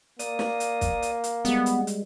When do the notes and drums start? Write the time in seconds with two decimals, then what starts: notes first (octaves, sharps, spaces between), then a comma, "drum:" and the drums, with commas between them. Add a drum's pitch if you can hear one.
0.19 A#3 D5 D#6, drum: hi-hat
0.39 drum: snare
0.60 drum: hi-hat
0.81 drum: kick, hi-hat
1.02 drum: hi-hat
1.24 drum: hi-hat
1.45 G3 G#3 B3, drum: hi-hat
1.66 drum: hi-hat
1.87 drum: hi-hat